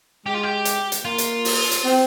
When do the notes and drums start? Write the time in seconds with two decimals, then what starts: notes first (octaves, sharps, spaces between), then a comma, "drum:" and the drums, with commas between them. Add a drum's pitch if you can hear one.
0.26 G#3 G4
0.34 F4
0.43 G4
0.65 drum: hi-hat
0.92 drum: hi-hat
1.05 A#3 F4
1.18 drum: hi-hat
1.45 drum: open hi-hat
1.71 drum: hi-hat
1.84 C4